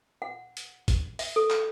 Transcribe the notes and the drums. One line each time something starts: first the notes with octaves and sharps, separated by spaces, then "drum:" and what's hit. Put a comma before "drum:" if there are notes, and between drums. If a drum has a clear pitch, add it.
F#5
drum: hi-hat
drum: kick, hi-hat
E5, drum: open hi-hat
A4
drum: clap